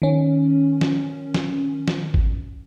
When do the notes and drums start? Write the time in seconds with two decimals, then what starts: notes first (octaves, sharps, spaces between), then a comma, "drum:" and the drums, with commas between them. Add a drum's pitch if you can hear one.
0.02 D#3 C#4
0.81 drum: snare
1.34 drum: snare
1.88 drum: snare
2.14 drum: kick G#1